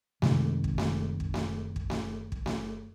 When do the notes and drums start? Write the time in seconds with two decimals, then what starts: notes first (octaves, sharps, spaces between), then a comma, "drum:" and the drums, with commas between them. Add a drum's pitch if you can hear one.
0.22 F#2 C3 D#3 G#3, drum: snare A3
0.64 drum: kick
0.78 drum: snare A3
1.20 drum: kick
1.34 drum: snare A3
1.76 drum: kick
1.90 drum: snare A3
2.32 drum: kick
2.46 drum: snare A3